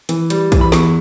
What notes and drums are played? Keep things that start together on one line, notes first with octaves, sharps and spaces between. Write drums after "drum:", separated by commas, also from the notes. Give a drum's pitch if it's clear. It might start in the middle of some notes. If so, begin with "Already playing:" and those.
E3, drum: hi-hat
G3, drum: hi-hat
E3, drum: kick A#1, hi-hat
B5
E2 C#6, drum: snare